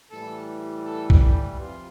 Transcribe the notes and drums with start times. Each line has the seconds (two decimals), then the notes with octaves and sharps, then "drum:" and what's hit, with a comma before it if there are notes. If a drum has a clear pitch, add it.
0.11 A2 E3 G3 A4
0.85 A4
1.10 drum: kick B1
1.59 C3 F3 F4